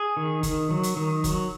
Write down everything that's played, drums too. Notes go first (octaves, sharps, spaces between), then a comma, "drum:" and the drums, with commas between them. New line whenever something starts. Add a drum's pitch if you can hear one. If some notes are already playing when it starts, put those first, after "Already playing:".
Already playing: G#4
D#3
D#3, drum: kick F1, hi-hat
F#3
drum: hi-hat
D#3
F#3, drum: kick F1, hi-hat